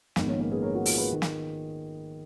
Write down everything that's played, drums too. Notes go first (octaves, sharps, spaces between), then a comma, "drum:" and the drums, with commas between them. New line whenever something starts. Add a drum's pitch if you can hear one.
A#1 G#2 D#3 B3, drum: snare
A#3 C#4
A#3 C#4
G#4 B4
A#4 C#5
F#4 A#4
F4 G#4, drum: open hi-hat
G#4 B4
D#3
drum: snare